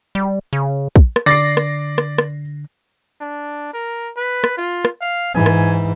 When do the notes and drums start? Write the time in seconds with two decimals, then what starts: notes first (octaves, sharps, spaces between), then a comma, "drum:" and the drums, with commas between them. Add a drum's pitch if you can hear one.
0.15 G3
0.53 C#3
0.96 drum: kick
1.16 drum: rim click
1.26 D3 D5 D6 A6 A#6 C7
1.57 drum: rim click
1.98 drum: rim click
2.18 drum: rim click
3.21 D4
3.74 A#4
4.16 B4
4.44 drum: rim click
4.57 F4
4.85 drum: rim click
5.02 F5
5.34 G#2 E3 G#5
5.46 drum: rim click